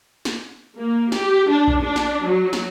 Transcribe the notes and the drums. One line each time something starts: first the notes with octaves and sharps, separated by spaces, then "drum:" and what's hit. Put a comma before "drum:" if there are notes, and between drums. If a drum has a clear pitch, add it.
drum: snare
A#3
G4, drum: snare
D4
drum: kick A#1
D4
drum: snare
F#3
drum: snare